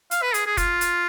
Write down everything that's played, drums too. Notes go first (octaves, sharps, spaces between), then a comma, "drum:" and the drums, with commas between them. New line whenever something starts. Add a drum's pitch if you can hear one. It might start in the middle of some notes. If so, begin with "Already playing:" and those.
F5, drum: hi-hat
B4
G#4, drum: hi-hat
G#4
F4, drum: kick, hi-hat
drum: hi-hat